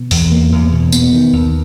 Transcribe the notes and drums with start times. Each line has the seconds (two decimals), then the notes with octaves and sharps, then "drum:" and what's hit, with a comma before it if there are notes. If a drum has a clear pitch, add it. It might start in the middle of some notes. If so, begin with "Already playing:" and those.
Already playing: B2
0.11 E2, drum: open hi-hat
0.32 A#3
0.52 E2
0.72 B2
0.92 B3, drum: tambourine
1.13 D#3
1.33 D#2